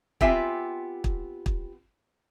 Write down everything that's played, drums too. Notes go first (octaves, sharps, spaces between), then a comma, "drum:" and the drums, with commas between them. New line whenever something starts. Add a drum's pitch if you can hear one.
B3 C4 F4 G4 E5 G#5, drum: kick
drum: kick
drum: kick